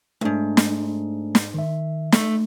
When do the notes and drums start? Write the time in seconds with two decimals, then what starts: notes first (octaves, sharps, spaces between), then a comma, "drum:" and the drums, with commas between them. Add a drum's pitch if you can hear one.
0.21 D2 G#2 A3 D4
0.57 drum: snare
1.35 drum: snare
1.54 D#3 E5
2.12 A3, drum: snare